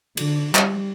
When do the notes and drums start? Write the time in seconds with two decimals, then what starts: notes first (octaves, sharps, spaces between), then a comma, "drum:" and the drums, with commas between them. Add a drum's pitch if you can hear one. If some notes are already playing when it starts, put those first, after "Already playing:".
0.17 D3, drum: cymbal
0.55 G3, drum: clap